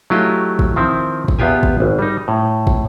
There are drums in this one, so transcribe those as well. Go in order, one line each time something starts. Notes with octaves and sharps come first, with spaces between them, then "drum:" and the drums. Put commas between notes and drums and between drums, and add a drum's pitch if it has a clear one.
F#3 A3 E4 F4 G4 D#5
drum: kick
D#3 F3 C4 E4
drum: kick
E2 B3 F4 G4 G#5
drum: kick
G#1
G3 D#4
A2
drum: kick